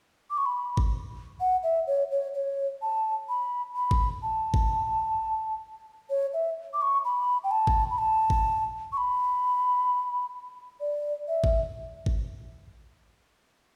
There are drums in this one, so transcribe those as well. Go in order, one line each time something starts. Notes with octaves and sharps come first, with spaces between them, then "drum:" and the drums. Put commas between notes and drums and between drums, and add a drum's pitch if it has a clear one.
D6
C#6
B5
drum: kick G#1
F#5
E5
C#5
C#5
C#5
A5
B5
B5
drum: kick G#1
A5
drum: kick G#1
C#5
E5
D6
C#6
B5
G5
A5
drum: kick G#1
B5
A5
drum: kick G#1
C#6
B5
D5
E5
drum: kick G#1
drum: kick G#1